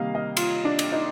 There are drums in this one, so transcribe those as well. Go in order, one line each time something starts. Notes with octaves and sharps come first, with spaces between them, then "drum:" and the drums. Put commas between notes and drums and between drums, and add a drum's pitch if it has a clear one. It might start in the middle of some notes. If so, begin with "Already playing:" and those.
Already playing: C3 D#3 G3 A#3 D#5 F5
D#5
F4, drum: cymbal
D4
drum: cymbal
D#4